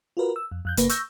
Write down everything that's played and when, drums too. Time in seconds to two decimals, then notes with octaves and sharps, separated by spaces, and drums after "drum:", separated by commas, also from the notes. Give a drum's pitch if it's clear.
0.17 F4 F#4 A#4 B4
0.36 E6
0.51 F2
0.65 F2 F#6 G6
0.77 G1 C#3 A#3 B4, drum: hi-hat
0.89 C#6 E6 G6 A#6, drum: hi-hat